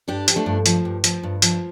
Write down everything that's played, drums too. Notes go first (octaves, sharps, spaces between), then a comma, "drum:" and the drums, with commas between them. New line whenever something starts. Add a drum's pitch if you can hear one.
G2 D4 G4
F3, drum: hi-hat
A3 D4
G2
F3, drum: hi-hat
G2
F3, drum: hi-hat
G2
F3, drum: hi-hat